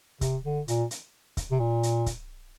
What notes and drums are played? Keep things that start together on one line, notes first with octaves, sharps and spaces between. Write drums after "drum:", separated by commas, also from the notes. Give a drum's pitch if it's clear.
C3, drum: kick C#1, hi-hat
D3
A#2, drum: hi-hat
drum: hi-hat
drum: kick C#1, hi-hat
C3
A#2
drum: hi-hat
drum: kick C#1, hi-hat